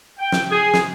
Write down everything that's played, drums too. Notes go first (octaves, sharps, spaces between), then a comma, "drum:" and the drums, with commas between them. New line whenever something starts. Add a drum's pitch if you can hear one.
G5
drum: snare
G#4
drum: snare